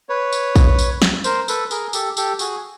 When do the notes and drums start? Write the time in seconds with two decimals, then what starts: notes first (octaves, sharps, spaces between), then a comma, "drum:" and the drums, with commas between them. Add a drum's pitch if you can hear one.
0.09 B4 C#5
0.33 drum: tambourine
0.56 drum: kick, tambourine
0.79 drum: tambourine
1.02 drum: snare
1.24 A#4 C5, drum: tambourine
1.48 A4 B4, drum: tambourine
1.71 G#4 A#4, drum: tambourine
1.93 G4 A4, drum: tambourine
2.17 G4 A4, drum: tambourine
2.39 F#4 G#4, drum: tambourine